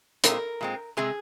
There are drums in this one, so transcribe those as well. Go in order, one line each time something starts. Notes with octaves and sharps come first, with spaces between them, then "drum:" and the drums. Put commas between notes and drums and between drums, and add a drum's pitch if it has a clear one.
A#2 G#3 C4 A#4, drum: hi-hat
A#2 G#3 C4
C3 G#3 C4 G#4